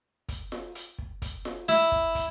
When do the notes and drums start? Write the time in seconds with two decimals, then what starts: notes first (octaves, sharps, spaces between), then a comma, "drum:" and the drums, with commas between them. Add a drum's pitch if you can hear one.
0.29 drum: kick, hi-hat
0.52 drum: snare F4
0.75 drum: hi-hat
0.99 drum: kick
1.22 drum: kick, hi-hat
1.45 drum: snare F4
1.69 E4, drum: hi-hat
1.92 drum: kick
2.15 drum: kick, hi-hat